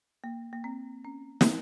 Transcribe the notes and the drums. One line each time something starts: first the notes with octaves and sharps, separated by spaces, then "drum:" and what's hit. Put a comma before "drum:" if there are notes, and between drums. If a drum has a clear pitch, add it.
A#3
A#3
C4
C#4
A#3, drum: snare
C4